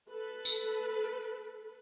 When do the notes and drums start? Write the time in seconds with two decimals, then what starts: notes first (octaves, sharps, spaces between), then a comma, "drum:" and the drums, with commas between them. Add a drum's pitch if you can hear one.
0.11 A4 B4
0.45 drum: tambourine